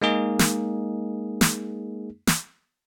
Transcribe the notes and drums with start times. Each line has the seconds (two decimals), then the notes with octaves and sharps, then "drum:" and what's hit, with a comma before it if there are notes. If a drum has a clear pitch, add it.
0.02 G#3 A#3 D#4 G#4
0.39 drum: snare
1.41 drum: snare
2.27 drum: snare